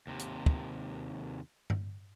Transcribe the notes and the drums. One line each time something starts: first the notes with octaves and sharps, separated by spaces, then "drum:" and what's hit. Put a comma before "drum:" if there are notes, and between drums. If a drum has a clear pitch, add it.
D#2 C3
drum: hi-hat
drum: kick
drum: tom G2